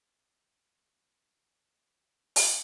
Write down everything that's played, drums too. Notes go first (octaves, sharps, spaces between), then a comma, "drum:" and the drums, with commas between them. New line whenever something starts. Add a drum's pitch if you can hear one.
G#5 C7
drum: open hi-hat